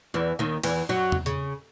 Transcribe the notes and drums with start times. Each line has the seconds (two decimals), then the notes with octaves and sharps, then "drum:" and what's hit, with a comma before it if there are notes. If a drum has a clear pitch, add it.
0.14 E2 E3
0.39 D#2 D#3
0.63 E2 E3, drum: cymbal
0.89 F#2 F#3
1.12 drum: tom E2
1.26 C#3, drum: hi-hat